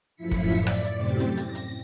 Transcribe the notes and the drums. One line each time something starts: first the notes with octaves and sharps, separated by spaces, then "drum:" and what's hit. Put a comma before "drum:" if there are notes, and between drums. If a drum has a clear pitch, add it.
F#2 A2 F3 E4 B6 C#7
drum: kick, hi-hat
D5
drum: rim click
drum: hi-hat
F#2 A2 C3 C4 G4 A6
drum: hi-hat
A#6, drum: hi-hat
drum: hi-hat